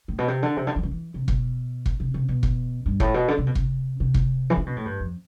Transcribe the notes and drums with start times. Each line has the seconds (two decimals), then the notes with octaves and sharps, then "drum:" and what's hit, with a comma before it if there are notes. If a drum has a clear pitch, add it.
0.08 A2
0.18 B2
0.28 C3
0.43 D3
0.57 C3
0.67 D3
0.76 E3
0.83 D3
0.91 E3
1.14 C3
1.28 B2, drum: kick
1.86 drum: kick
2.00 C3
2.14 C3
2.29 B2
2.43 drum: kick
2.86 G2
3.00 A2, drum: kick
3.14 B2
3.28 D3
3.38 C3
3.47 B2
3.55 C3, drum: kick
4.00 C3
4.14 drum: kick
4.50 E3
4.57 D3
4.66 B2
4.77 A2
4.85 G2
5.00 F2